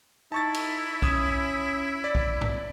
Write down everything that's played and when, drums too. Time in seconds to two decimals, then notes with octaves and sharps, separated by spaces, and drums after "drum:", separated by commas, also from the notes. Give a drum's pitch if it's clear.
0.32 D#4 E4 A5 C#6 A6
0.54 drum: cymbal
1.02 C#4 D#6 G#6 E7, drum: kick B1
2.04 D5
2.15 drum: kick B1
2.41 drum: tom G#2